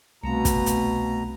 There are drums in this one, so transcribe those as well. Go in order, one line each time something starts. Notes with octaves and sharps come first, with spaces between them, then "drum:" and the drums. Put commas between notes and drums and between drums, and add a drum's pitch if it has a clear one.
C2 B2 A3 C4 F5 A#5
drum: kick, hi-hat
drum: hi-hat